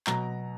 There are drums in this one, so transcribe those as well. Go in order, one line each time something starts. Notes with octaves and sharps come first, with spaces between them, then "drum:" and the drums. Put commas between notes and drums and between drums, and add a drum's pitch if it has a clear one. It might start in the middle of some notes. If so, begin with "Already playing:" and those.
B2 F#3 A#5, drum: clap